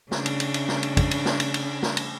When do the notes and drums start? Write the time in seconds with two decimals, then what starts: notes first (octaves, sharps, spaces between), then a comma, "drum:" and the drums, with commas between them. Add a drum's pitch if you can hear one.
0.11 C#3 D4, drum: snare
0.26 drum: cymbal
0.40 drum: cymbal
0.54 drum: cymbal
0.68 drum: snare
0.83 drum: cymbal
0.97 drum: kick, cymbal
1.11 drum: cymbal
1.25 drum: snare
1.40 drum: cymbal
1.54 drum: cymbal
1.83 drum: snare
1.97 drum: cymbal